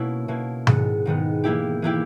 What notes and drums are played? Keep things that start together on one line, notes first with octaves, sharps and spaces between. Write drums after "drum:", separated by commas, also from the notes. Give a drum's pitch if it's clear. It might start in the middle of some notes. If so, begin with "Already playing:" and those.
Already playing: B2 A#3 C#4 E4
B2 A#3 E4
G#2 D#3 G#3 B3, drum: tom B2
G#2 D#3 G#3 B3
E3 A#3 E4 G4
E3 A#3 E4 G4